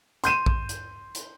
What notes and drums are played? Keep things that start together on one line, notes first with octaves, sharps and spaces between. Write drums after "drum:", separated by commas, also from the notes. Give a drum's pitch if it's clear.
C6 G6 D#7 E7, drum: hi-hat
drum: kick A#1
drum: hi-hat
drum: hi-hat